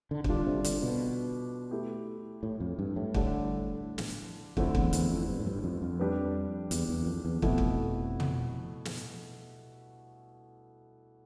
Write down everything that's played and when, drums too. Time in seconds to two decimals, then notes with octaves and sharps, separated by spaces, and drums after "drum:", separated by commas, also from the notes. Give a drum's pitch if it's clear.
0.11 D3
0.24 C3, drum: kick
0.29 D3 G3 D4 F4
0.47 C3
0.64 D3, drum: hi-hat
0.82 B2
1.71 A3 E4 G4
2.43 A2
2.60 F2
2.79 G2
2.96 A2
3.14 D3 G3 D4 A4, drum: kick
3.98 drum: snare
4.57 F2 D3 A3 C4 E4, drum: kick
4.75 E2, drum: kick
4.93 E2, drum: hi-hat
5.10 F2
5.28 G2
5.40 A2
5.46 G2
5.64 F2
5.82 F2
5.99 G3 D4 G4 B4
6.71 E2, drum: hi-hat
6.89 E2
7.06 F2
7.25 E2
7.42 F2 B2 A3 E4, drum: kick
7.58 drum: kick
8.20 drum: tom
8.85 drum: snare